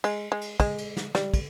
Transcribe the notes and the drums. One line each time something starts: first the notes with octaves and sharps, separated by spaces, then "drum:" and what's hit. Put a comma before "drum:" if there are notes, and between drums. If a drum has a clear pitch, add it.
G#3, drum: cymbal
G#3
drum: cymbal
G#3, drum: kick, cymbal
drum: cymbal
drum: snare
G3, drum: snare
drum: kick, cymbal